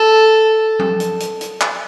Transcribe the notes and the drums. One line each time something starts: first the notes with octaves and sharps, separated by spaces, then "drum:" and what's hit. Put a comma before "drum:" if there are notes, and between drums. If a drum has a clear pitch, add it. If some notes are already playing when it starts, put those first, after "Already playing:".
Already playing: A4
drum: tom F#3
drum: hi-hat
drum: hi-hat
drum: hi-hat
drum: clap